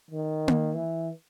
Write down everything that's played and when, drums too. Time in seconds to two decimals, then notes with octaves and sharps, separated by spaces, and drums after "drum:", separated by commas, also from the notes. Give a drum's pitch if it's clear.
0.11 D#3
0.48 drum: tom A#3
0.75 E3